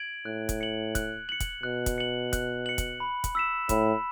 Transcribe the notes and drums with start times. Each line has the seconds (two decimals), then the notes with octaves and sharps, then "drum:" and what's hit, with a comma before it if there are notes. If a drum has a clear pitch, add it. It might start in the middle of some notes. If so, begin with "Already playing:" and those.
Already playing: G#6 D7 F#7
0.26 A2 F#6
0.49 drum: kick, hi-hat
0.61 C#7 F#7
0.95 F#6, drum: kick, hi-hat
1.29 C#7 F#7
1.40 drum: kick, hi-hat
1.63 B2 F#6
1.86 drum: kick, hi-hat
1.98 C#7 F#7
2.33 F#6, drum: kick, hi-hat
2.66 C#7 F#7
2.78 drum: kick, hi-hat
3.00 B5
3.24 drum: kick, hi-hat
3.35 E6 B6 E7
3.69 A2 B5, drum: kick, hi-hat